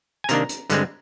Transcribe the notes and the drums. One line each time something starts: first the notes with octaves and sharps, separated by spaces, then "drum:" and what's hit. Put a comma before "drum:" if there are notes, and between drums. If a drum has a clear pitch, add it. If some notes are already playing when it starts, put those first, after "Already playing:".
G#5
C3 D#3 A#3 D4 A#5, drum: hi-hat
drum: hi-hat
G2 D3 G#3 C4, drum: hi-hat